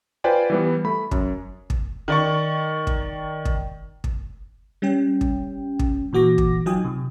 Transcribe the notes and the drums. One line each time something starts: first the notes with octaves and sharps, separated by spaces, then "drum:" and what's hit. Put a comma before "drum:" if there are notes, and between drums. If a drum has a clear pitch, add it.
F4 B4 C5 D5 G5 G#5
E3 G3 B3
A3 B5
F#2, drum: kick
drum: kick
D#3 D5 C#6
drum: kick
drum: kick
drum: kick
G3 C#4 G5
drum: kick
drum: kick
A#2 E3 F#4 D6 A#6
drum: kick
F#3 D#4 F4 G5 G#5 D#6
C3